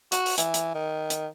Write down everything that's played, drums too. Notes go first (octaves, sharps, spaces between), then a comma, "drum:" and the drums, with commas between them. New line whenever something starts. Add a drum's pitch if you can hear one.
F#4, drum: hi-hat
drum: open hi-hat
E3, drum: hi-hat
drum: hi-hat
D#3
drum: hi-hat